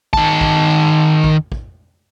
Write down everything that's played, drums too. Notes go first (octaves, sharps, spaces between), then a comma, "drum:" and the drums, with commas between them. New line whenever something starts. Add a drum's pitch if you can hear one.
D#3 A5, drum: kick
drum: kick
drum: kick
drum: kick